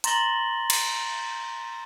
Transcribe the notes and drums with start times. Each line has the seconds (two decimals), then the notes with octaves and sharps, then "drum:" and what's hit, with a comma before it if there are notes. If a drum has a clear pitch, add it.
0.04 A#5 C6 A6 A#6 F#7 G7, drum: hi-hat
0.70 drum: cymbal